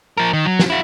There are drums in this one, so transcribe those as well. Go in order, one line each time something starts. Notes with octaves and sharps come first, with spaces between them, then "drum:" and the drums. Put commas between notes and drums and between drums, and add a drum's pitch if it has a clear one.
F3 A#4
D#3
F#3
drum: snare
E4 F#4